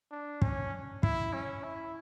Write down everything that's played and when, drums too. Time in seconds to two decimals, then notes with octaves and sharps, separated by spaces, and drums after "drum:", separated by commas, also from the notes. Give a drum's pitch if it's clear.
0.11 D4
0.42 C#4, drum: kick
1.03 E4, drum: kick
1.33 C#4
1.64 E4